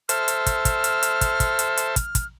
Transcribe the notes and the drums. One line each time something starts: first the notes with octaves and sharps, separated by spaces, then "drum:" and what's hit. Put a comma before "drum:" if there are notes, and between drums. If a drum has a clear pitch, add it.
A4 C5 E5 F6, drum: hi-hat
drum: hi-hat
drum: kick, hi-hat
drum: kick, hi-hat
drum: hi-hat
drum: hi-hat
drum: kick, hi-hat
drum: kick, hi-hat
drum: hi-hat
drum: hi-hat
drum: kick, hi-hat
drum: kick, hi-hat